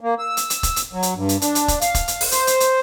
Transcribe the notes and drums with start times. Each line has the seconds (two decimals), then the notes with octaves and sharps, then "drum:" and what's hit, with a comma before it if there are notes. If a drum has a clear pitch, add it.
0.01 A#3
0.19 E6
0.37 drum: hi-hat
0.50 drum: hi-hat
0.63 drum: kick, hi-hat
0.76 drum: hi-hat
0.93 F#3
1.03 drum: hi-hat
1.15 G2
1.29 drum: hi-hat
1.42 D4, drum: hi-hat
1.55 drum: hi-hat
1.68 drum: kick, hi-hat
1.81 F5, drum: hi-hat
1.95 drum: kick, hi-hat
2.08 drum: hi-hat
2.21 drum: open hi-hat
2.32 C5, drum: hi-hat
2.47 drum: hi-hat
2.60 drum: hi-hat